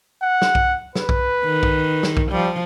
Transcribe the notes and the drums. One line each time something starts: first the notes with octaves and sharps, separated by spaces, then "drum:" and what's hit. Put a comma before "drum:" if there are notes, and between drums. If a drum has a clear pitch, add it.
F#5
drum: snare
drum: kick
B4, drum: snare
drum: kick
D#3
drum: kick
drum: snare
drum: kick
F3 G3